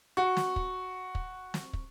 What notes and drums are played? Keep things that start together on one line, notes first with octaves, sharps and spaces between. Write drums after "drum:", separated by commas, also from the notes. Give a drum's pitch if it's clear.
F#4 C#6
drum: snare
drum: kick
drum: kick
drum: snare
drum: kick